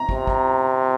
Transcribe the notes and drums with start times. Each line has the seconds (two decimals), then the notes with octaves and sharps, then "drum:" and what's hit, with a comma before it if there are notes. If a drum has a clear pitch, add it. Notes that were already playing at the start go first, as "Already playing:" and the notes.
Already playing: A#5
0.09 C3, drum: kick
0.27 drum: kick